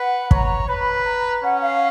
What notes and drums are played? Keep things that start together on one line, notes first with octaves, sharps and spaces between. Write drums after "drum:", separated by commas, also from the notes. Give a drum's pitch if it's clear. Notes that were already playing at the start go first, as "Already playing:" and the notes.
Already playing: B4 F#5
C#5 A#5, drum: kick
B4 B5
A#5
C#4 F#5
F5